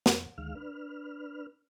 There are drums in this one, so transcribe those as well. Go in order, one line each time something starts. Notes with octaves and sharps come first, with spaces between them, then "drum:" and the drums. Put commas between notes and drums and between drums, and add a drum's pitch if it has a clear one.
F2, drum: snare
D2 D#3 G#3 F5 F6
D4 B4 F6